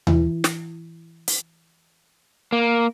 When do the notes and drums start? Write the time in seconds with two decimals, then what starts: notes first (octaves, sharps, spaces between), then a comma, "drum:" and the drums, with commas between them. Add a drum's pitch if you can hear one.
0.07 E3, drum: tom D#2
0.44 drum: snare
1.28 drum: hi-hat
2.52 A#3